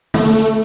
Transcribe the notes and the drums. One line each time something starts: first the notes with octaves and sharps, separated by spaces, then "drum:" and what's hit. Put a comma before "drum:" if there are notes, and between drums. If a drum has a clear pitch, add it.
A3, drum: tom